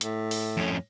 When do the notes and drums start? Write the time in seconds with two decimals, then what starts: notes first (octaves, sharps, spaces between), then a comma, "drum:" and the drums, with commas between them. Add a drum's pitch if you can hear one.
0.01 A2, drum: hi-hat
0.31 drum: open hi-hat
0.57 F2 C#4